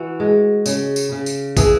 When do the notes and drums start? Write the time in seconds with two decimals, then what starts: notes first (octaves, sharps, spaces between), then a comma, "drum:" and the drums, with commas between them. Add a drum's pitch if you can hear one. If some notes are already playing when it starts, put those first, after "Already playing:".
Already playing: E3 F#4
0.20 G#3
0.66 C#3, drum: tambourine
0.96 drum: tambourine
1.12 C#3
1.26 drum: tambourine
1.57 E3 G#4, drum: kick, tambourine